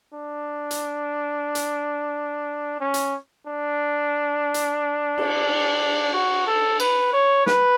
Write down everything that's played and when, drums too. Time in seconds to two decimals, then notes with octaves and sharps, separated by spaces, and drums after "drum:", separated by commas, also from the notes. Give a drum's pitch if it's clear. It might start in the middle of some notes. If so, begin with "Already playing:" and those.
0.14 D4
0.71 drum: hi-hat
1.55 drum: hi-hat
2.80 C#4
2.94 drum: hi-hat
3.47 D4
4.54 drum: hi-hat
5.18 drum: cymbal
6.13 F#4
6.47 A4
6.80 B4, drum: cymbal
7.13 C#5
7.46 B4, drum: snare